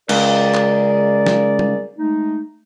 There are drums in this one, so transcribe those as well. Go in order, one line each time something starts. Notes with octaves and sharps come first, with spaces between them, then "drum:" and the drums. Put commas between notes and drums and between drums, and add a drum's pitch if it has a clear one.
C#2 G#4 A#4 D5, drum: cymbal
drum: clap
drum: snare
drum: tom
G#3 A3 D#4